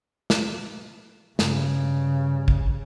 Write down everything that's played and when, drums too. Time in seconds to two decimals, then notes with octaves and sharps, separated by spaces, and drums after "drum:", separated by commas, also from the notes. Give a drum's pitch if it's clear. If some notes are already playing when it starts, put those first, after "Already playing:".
0.30 drum: snare
1.39 G2 C#3, drum: snare
2.48 drum: kick